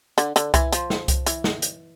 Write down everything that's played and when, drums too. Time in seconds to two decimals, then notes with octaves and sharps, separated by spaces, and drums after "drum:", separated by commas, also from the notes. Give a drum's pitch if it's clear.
0.18 D3, drum: hi-hat
0.36 D3, drum: hi-hat
0.54 E3, drum: kick C2, hi-hat
0.72 F3, drum: hi-hat
0.90 drum: snare
1.08 drum: kick C2, hi-hat
1.26 E3, drum: hi-hat
1.44 drum: snare
1.62 drum: hi-hat